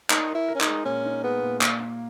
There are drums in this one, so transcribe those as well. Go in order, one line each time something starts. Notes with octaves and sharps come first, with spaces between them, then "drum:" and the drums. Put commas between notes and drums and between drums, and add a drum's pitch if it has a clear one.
D#4 A#4, drum: clap
A#4
E4
A#4
C#4
D#4, drum: clap
G#3
A#2 C#4
D#4
G#3 B3
A#2
A#3, drum: clap
A#3